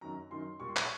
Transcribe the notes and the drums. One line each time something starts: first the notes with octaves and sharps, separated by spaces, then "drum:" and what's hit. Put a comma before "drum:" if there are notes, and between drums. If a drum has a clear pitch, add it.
F#2 D#3 F#3 A#5
F#2 D#3 F#3 C6
A#2 G3 C#6
C6
C#6, drum: clap